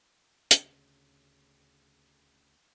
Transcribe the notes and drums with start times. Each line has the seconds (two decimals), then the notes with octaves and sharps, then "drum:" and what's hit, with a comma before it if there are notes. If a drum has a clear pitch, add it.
0.51 D2 C#3, drum: hi-hat